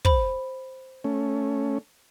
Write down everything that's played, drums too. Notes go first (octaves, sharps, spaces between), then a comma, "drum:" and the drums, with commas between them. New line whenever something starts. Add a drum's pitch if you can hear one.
C5 B5, drum: kick
A3 C#4